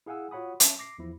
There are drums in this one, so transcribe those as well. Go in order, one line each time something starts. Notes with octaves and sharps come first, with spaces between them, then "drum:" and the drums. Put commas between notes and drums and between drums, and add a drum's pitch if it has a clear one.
E4 G#4 F5 F#5 G#5 E6
F4 F#4 C#5 F#5 B5 D#6
C#4 E5 A5, drum: hi-hat
D6 A#6 C7
E2 F3 E4